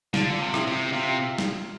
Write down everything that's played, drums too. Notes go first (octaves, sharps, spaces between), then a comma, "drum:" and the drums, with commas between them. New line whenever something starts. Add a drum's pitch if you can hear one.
D3 F4, drum: snare
C3
E4, drum: rim click
C3
C3 F4
drum: snare